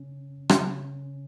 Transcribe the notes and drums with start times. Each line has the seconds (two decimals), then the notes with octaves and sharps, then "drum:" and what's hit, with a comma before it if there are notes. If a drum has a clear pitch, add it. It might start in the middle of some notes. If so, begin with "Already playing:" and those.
Already playing: C#3 C#4
0.49 drum: rim click
0.59 C#3 C#4